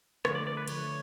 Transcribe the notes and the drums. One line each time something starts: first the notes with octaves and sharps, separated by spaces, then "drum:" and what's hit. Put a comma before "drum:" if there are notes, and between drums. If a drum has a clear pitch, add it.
D3 F3 A3 C#5, drum: rim click
D5
D5
B4
D3 F3 A3 C#5, drum: cymbal